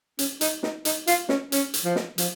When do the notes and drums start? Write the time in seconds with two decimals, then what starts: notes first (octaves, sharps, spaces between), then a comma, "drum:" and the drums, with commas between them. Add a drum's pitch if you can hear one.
0.19 C#4, drum: hi-hat
0.41 D#4, drum: hi-hat
0.63 D#4, drum: snare
0.85 D#4, drum: hi-hat
1.07 F4, drum: hi-hat
1.29 C#4, drum: snare
1.52 C#4, drum: hi-hat
1.74 drum: hi-hat
1.84 F3
1.96 drum: snare
2.18 F3, drum: hi-hat